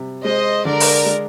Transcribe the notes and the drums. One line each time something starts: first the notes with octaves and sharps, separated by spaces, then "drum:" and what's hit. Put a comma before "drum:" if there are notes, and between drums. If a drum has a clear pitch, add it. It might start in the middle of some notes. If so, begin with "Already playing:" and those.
Already playing: C3 G3
G#3 C5 D#5
D3 A#4 D5
drum: open hi-hat
G#3